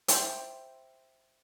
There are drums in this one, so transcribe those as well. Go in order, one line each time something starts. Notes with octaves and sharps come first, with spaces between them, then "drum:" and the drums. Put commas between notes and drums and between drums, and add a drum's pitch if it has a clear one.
C5 E5 G5, drum: hi-hat